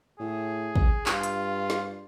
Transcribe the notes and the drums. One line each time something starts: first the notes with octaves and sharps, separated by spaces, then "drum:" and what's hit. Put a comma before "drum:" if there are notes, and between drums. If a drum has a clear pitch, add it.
A2 G#4
drum: kick
G2 F4, drum: clap
drum: hi-hat
drum: snare